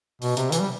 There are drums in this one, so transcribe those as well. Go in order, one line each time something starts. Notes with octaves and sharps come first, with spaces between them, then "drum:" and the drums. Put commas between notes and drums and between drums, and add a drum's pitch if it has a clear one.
B2, drum: open hi-hat
C3, drum: hi-hat
E3, drum: hi-hat
G3